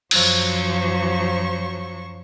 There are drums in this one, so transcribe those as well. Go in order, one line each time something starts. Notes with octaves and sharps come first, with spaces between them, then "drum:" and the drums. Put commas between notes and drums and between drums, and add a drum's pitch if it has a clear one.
F#2 F3 F#3 C5 C#6, drum: cymbal